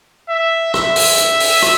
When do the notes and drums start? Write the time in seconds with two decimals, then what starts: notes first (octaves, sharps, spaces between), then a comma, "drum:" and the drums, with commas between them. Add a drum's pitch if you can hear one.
0.29 E5
0.74 E5, drum: rim click
0.96 drum: open hi-hat
1.18 drum: hi-hat
1.40 drum: open hi-hat
1.62 drum: rim click